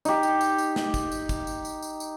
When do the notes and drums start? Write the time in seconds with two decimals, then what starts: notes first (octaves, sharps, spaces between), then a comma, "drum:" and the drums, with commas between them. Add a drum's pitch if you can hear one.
0.05 D#4 G4, drum: tambourine
0.23 drum: tambourine
0.41 drum: tambourine
0.58 drum: tambourine
0.76 drum: snare
0.94 drum: kick, tambourine
1.12 drum: tambourine
1.29 drum: kick, tambourine
1.47 drum: tambourine
1.65 drum: tambourine
1.83 drum: tambourine
2.00 drum: tambourine